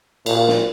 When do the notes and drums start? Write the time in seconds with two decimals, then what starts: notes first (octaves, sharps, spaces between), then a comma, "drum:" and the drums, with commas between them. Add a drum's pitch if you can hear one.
0.26 A#2, drum: cymbal
0.48 drum: snare